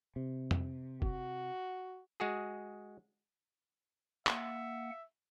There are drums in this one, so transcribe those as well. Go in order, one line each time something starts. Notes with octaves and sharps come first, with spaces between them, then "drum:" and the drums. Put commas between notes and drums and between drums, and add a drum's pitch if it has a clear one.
C3
drum: tom
F#4, drum: kick
G#3 F#4 G#4
A#3 E5 F#5, drum: clap